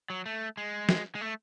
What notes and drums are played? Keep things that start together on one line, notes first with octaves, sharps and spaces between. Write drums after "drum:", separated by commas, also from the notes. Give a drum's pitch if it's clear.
F#3
A3
G#3
drum: snare
G#3
A3